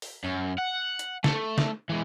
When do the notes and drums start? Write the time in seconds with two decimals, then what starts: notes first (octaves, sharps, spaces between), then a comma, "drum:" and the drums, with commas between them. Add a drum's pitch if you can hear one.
0.02 drum: open hi-hat
0.24 F#2
0.58 F#5
0.99 drum: hi-hat
1.24 A3, drum: snare
1.58 drum: snare
1.89 E3 G#3